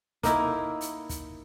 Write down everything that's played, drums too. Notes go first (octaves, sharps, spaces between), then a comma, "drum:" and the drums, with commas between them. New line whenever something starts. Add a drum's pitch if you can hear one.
A#3 D#4 E4, drum: kick, hi-hat
drum: hi-hat
drum: kick, hi-hat